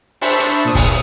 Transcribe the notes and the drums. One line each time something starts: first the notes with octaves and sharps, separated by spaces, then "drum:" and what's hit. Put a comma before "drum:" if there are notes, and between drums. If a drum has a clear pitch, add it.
D4 C5 E5 A5 B5 C#6, drum: open hi-hat
drum: hi-hat
A#2 D#6
drum: kick, open hi-hat